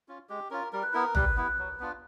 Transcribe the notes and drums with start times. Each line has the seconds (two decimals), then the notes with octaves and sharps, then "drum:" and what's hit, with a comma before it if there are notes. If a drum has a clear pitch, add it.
0.08 C#4 F4
0.29 G#3 G4
0.50 C#4 F4 A#4
0.73 G3 A#4
0.83 B4
0.93 B3 E4 A#4
1.15 G3 B4, drum: tom
1.37 B3 E4
1.59 F#3
1.80 B3 D4 F4